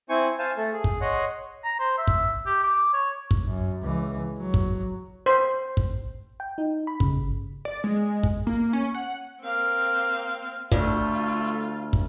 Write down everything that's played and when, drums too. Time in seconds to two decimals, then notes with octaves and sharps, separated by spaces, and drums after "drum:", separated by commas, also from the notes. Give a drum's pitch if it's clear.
0.09 C4 E4 C5 G#5 C#6
0.39 C5 F5 G#5 A5
0.57 A3 A4
0.73 G#4
0.84 drum: kick
1.01 C#5 D#5 F#5 C6
1.64 A#5
1.79 C5
1.98 E5
2.07 drum: kick
2.46 G4
2.64 D6
2.93 C#5
3.31 drum: kick
3.47 F#2
3.82 C#2 E3
4.39 F#3
4.54 drum: kick
5.26 C5
5.77 drum: kick
6.40 G5
6.58 D#4
6.87 B5
7.00 C#3, drum: kick
7.23 G1
7.65 D5
7.84 G#3
8.23 drum: kick
8.47 A#3
8.73 C#4
8.95 F#5
9.41 A#3 C4 F5
10.72 D2 A3 F4, drum: kick
11.93 drum: kick